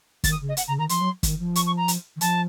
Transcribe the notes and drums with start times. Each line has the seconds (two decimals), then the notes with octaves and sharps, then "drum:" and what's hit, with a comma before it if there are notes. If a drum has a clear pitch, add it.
0.24 D#3 A6, drum: kick, hi-hat
0.32 D#6
0.41 C#3
0.48 D#5
0.57 F#5, drum: hi-hat
0.67 C#3 A#5
0.78 D#3 A#5
0.89 F3 C6, drum: hi-hat
1.00 F#3
1.23 D#3, drum: kick, hi-hat
1.39 F3
1.55 C#6, drum: hi-hat
1.66 C#6
1.77 A#5
1.88 drum: hi-hat
2.16 D#3
2.21 F3 A5, drum: hi-hat